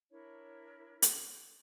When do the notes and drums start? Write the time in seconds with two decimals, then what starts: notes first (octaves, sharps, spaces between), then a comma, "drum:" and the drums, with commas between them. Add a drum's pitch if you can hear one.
0.10 D4 E4 A#4 C#5
1.02 drum: hi-hat